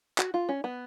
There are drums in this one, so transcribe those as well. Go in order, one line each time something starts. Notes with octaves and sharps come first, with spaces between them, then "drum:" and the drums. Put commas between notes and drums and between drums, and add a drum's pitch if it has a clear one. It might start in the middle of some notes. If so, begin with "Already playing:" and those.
F#4, drum: clap
F4
C#4
B3